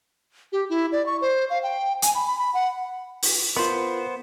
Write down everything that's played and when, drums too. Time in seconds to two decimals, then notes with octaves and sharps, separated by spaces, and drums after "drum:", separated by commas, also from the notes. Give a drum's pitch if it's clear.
0.52 G4
0.69 E4
0.92 D5
1.06 C#6
1.21 C5
1.50 F5
1.63 G5
2.02 G#5, drum: hi-hat
2.15 B5
2.27 B5
2.39 B5
2.54 F#5
3.22 drum: open hi-hat
3.57 B3 F4 A#4 C5 C6